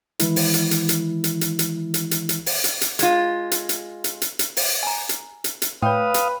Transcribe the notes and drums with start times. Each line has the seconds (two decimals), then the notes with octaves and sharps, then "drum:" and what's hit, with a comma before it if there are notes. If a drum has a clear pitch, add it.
0.19 D#3 E3 G#3 E4, drum: hi-hat
0.36 drum: open hi-hat
0.54 drum: hi-hat
0.71 drum: hi-hat
0.89 drum: hi-hat
1.24 drum: hi-hat
1.41 drum: hi-hat
1.59 drum: hi-hat
1.94 drum: hi-hat
2.11 drum: hi-hat
2.29 drum: hi-hat
2.46 drum: open hi-hat
2.64 drum: hi-hat
2.81 drum: hi-hat
2.99 G#3 F4, drum: hi-hat
3.51 drum: hi-hat
3.69 drum: hi-hat
4.04 drum: hi-hat
4.22 drum: hi-hat
4.39 drum: hi-hat
4.57 drum: open hi-hat
4.83 G#5 A#5
5.09 drum: hi-hat
5.44 drum: hi-hat
5.62 drum: hi-hat
5.82 A2 B4 C#5 F5 G5 D#6
6.14 drum: hi-hat